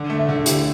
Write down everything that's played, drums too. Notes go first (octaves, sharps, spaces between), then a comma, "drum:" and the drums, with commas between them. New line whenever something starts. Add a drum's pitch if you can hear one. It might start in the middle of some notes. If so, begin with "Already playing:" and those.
Already playing: D3
A3
E5
D3
E4 G4, drum: hi-hat